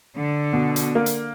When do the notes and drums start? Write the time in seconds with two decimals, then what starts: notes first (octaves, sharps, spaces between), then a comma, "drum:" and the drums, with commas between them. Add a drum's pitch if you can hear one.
0.16 D3
0.53 B2
0.76 drum: hi-hat
0.95 A#3
1.06 drum: hi-hat